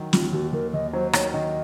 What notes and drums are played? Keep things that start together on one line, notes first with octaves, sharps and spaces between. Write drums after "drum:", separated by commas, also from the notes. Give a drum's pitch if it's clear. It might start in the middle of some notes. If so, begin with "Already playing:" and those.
Already playing: D#3 F#3
D#2 F4, drum: snare
D#2 F#4
D#2 A#4
D#2 D#5
F#3 C5
D#3 C#5, drum: rim click
D#3 D#5